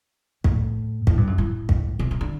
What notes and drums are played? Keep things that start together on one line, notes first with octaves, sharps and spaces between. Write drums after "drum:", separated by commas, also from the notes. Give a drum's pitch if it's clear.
A2, drum: kick
A2, drum: kick
G2
F#2
A2
drum: kick
C3
C3
D3